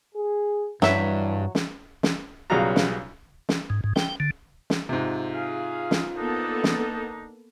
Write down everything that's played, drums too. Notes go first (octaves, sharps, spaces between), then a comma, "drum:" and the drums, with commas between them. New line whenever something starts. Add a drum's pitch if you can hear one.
G#4
G2 E3 F#3 E5, drum: snare
drum: snare
drum: snare
B1 C#3 G3 F4 F#4 A#5
drum: snare
drum: snare
G#2
G#2
G5, drum: snare
D3
drum: snare
G#2 C3 F4
G#4 F5
drum: snare
A#3 B3 D4 D#4 A4
drum: snare